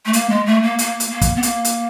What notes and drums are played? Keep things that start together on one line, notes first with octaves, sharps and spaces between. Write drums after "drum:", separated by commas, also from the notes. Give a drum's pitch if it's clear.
A3
A#3, drum: hi-hat
G#3
A3
A#3
A#3, drum: hi-hat
drum: hi-hat
A#3
drum: kick, hi-hat
B3
A#3, drum: hi-hat
drum: hi-hat